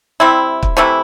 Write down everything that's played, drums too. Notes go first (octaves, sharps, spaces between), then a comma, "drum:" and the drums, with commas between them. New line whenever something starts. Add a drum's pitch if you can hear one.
C3 G3 C4 E4
drum: kick
C3 E3 A3 E4